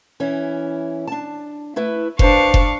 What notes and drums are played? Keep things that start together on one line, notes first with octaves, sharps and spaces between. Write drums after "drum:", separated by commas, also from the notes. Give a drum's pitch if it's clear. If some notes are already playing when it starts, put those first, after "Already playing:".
E3 C#4 E4
D4 A5
A3 E4 B4
D4 B4 C5 F5 A5 C#6, drum: kick F1
drum: kick F1